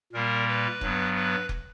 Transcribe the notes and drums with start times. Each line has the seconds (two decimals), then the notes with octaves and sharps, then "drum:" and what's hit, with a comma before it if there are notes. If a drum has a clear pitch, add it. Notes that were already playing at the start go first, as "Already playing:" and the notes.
0.13 A#2 G3 A#3 A#4
0.48 B4
0.81 G2 F#3 B3, drum: kick F1
1.15 B4
1.49 drum: kick F1